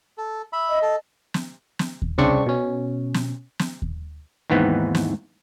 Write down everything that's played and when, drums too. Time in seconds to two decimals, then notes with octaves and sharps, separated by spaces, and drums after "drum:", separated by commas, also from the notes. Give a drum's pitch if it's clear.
0.18 A4
0.53 E5 B5
0.69 D#5
0.82 A4
1.34 drum: snare
1.79 drum: snare
2.02 drum: kick D#2
2.18 C2 C#3 C4 D4 C#6
2.46 B2 C#4
3.14 drum: snare
3.59 drum: snare
3.82 drum: kick D#2
4.50 D#2 G#2 E3 B3 C4 D#4
4.95 drum: snare